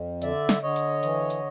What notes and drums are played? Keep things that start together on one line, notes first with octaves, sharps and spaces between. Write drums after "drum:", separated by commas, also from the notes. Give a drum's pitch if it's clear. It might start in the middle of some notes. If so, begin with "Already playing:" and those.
Already playing: F2
D3 D5 E5, drum: hi-hat
drum: snare
D3 C#5 D#5
drum: hi-hat
E3, drum: hi-hat
drum: hi-hat